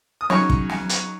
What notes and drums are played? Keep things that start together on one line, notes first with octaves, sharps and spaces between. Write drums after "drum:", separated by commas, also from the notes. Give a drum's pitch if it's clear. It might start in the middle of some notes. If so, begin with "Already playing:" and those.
D#6
C#3 F#3 D#4 C#5 C#6, drum: snare
drum: kick
drum: snare
drum: hi-hat